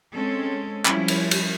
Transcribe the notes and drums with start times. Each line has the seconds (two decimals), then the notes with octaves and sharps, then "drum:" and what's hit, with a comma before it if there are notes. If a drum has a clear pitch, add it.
0.13 G#3 C4 C#4 A4
0.85 F3 G3 C#4 E4, drum: clap
1.08 drum: cymbal
1.31 drum: cymbal